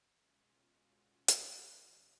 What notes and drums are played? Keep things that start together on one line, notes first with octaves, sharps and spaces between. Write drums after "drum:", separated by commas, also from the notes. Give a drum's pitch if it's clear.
B2 G#3 C#4 F4
F#4
drum: hi-hat
C#3 F#3 C#4 D#5